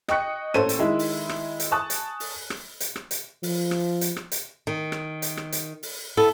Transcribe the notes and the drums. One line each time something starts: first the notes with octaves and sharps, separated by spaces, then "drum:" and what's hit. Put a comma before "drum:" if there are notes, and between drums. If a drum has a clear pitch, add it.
D#5 G5 C#6 F#6 C#7, drum: rim click
A1 A#3 A4 C5 C#5 D#7, drum: rim click
drum: hi-hat
D#3 G#3 E4
drum: open hi-hat
drum: rim click
drum: hi-hat
G#5 A5 C#6 D#6 F#6
drum: hi-hat
drum: open hi-hat
drum: rim click
drum: hi-hat
drum: rim click
drum: hi-hat
F3, drum: open hi-hat
drum: rim click
drum: hi-hat
drum: rim click
drum: hi-hat
D#3
drum: rim click
drum: hi-hat
drum: rim click
drum: hi-hat
drum: open hi-hat
B3 E4 A4